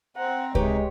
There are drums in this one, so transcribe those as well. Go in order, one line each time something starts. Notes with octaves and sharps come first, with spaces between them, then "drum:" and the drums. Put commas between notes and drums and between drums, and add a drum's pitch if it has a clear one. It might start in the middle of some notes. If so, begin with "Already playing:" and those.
C4 F#5 A#5
C3 G#3 D#4 G4 B4 C#5 G5, drum: kick C#2